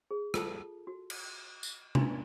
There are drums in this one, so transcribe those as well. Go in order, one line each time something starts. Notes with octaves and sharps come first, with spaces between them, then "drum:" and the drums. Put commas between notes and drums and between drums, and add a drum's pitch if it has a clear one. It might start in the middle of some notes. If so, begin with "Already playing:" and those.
G#4
F4 A4 A5, drum: rim click
F#4
drum: cymbal
drum: tambourine
D4 E4 F4 C6, drum: tom C3